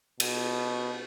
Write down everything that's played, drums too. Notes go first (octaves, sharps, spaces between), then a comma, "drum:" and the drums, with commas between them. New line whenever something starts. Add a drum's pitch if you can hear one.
B2, drum: cymbal